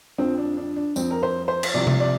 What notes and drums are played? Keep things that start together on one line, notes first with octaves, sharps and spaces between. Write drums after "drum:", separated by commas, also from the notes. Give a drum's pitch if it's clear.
F2 D3 F3 C4
D4
D4
D4
F2 F3 C4, drum: tambourine
A#4
C5
C5
drum: cymbal
C2 C3 F3 D5
drum: tom C3
D5